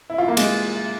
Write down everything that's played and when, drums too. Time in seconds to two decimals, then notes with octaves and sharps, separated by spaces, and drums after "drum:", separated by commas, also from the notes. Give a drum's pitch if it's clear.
0.10 E4
0.18 F4
0.28 A#3
0.37 G#3, drum: cymbal